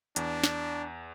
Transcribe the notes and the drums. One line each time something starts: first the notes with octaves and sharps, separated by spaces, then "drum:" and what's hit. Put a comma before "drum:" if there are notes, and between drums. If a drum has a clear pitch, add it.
E2 D4, drum: hi-hat
drum: snare